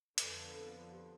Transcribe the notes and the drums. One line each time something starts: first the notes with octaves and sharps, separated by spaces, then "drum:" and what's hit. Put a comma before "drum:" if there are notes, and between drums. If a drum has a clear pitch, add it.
F2 D3 F3 B3 B4, drum: hi-hat
B4
A4
G4